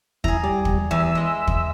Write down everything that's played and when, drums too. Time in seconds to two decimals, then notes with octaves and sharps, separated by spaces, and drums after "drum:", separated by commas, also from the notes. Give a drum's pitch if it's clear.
0.24 E4 G#4 A#5, drum: kick
0.43 G3 D5
0.65 drum: kick
0.91 E2 E5
1.15 G#3 D#5
1.47 drum: kick